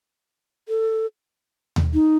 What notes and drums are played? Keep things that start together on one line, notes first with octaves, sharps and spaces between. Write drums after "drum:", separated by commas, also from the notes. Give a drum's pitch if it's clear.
A4
drum: tom D#2
D#4